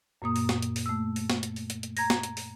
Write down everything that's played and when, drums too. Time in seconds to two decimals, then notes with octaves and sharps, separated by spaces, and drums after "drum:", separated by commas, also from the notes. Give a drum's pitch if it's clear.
0.22 F#2 A#2 A#3 D#6
0.36 drum: open hi-hat
0.49 drum: snare
0.62 drum: hi-hat
0.76 drum: open hi-hat
0.86 A3 E6
1.16 drum: open hi-hat
1.30 drum: snare
1.43 drum: hi-hat
1.56 drum: open hi-hat
1.70 drum: hi-hat
1.83 drum: hi-hat
1.97 A#5 G#6 A#6, drum: open hi-hat
2.10 drum: snare
2.23 drum: hi-hat
2.37 drum: open hi-hat